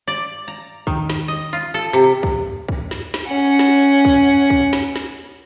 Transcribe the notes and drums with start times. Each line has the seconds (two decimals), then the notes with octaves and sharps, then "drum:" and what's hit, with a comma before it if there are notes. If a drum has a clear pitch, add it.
0.07 D5
0.48 A#5
0.87 D#3, drum: kick
1.10 drum: snare
1.28 D#5
1.53 F4
1.74 A4
1.93 C3
2.23 drum: kick
2.69 drum: kick
2.91 drum: snare
3.14 drum: snare
3.28 C#4 F#5
3.59 drum: snare
4.05 drum: kick
4.50 drum: kick
4.73 drum: snare
4.96 drum: snare